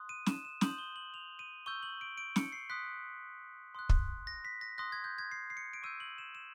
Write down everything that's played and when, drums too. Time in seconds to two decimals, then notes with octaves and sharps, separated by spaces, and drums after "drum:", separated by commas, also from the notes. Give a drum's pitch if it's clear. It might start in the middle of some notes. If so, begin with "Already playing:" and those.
Already playing: C6 D#6 F#6
0.09 D#7
0.26 E7, drum: snare
0.45 E7
0.61 C6 D#6 G6 F#7, drum: snare
0.78 G7
0.96 F#7
1.14 F7
1.39 D#7
1.66 C#6 E6 G6 G7
1.83 F#7
2.01 D7
2.18 D7
2.36 C#7, drum: snare
2.52 C7
2.70 C6 D#6 F#6 B6
3.75 C6 D#6 F#6
3.89 drum: kick
4.27 A#6
4.45 B6
4.61 A#6
4.78 C6 D#6 F#6 A#6
4.92 G#6
5.04 G6
5.18 G#6
5.31 C7
5.50 C7
5.57 C#7
5.73 D7
5.83 C#6 E6 G6 D#7
6.00 F#7
6.18 E7
6.35 E7